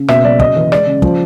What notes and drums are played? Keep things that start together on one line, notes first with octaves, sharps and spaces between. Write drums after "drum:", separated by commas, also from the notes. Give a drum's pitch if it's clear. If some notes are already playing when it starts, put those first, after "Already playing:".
Already playing: C#3
B2 E5, drum: rim click
F#3 D5
C#3 D#5, drum: kick
E3
G#3 D5, drum: rim click
C#3
F3, drum: kick